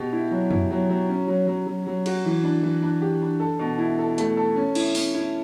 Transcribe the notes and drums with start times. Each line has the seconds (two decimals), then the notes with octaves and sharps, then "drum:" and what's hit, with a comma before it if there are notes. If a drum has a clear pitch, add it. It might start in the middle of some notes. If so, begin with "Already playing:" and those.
Already playing: B2 G4
0.13 E4
0.31 F#3
0.50 E4, drum: tom F2
0.71 F#3
0.89 F#3
1.09 C#4
1.28 F#3
1.47 F#3
1.67 F#3
1.86 F#3
2.06 F#4, drum: cymbal
2.25 E3
2.44 D4
2.63 E3
2.82 D4
3.02 G4
3.22 D4
3.40 A4
3.59 B2
3.78 E4
3.99 A4
4.18 A3, drum: hi-hat
4.37 A4
4.56 C#4
4.75 E4, drum: cymbal
4.95 C#4, drum: open hi-hat
5.14 E4